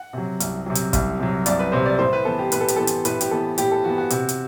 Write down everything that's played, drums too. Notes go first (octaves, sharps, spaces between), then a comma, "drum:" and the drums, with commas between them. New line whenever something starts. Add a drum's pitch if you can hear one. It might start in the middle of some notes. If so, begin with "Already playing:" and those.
Already playing: F#5
C3 F#3
C2, drum: hi-hat
C3 F#3
drum: hi-hat
C2, drum: kick, hi-hat
C3 F#3
C2 D5, drum: hi-hat
B4
C3 F#3 C5
D5
A2 C5
B4
E3 B3 A4
G4
A2 B4, drum: hi-hat
A4
G4, drum: hi-hat
E3 B3 A4
drum: hi-hat
A2 B4, drum: hi-hat
G4, drum: hi-hat
E3 B3 A4
A2 G4, drum: hi-hat
A4
E3 B3 F#4
F#4
C3, drum: hi-hat
drum: hi-hat